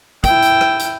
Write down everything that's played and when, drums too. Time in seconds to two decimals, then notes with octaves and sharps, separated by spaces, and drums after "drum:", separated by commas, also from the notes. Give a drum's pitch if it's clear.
0.24 E4 G5, drum: kick, hi-hat
0.42 drum: hi-hat
0.61 drum: rim click
0.79 drum: hi-hat